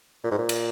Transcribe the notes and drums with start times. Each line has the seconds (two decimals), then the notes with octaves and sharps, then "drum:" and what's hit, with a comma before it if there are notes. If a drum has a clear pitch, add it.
0.24 A#2
0.31 G#2
0.38 A#2
0.49 drum: cymbal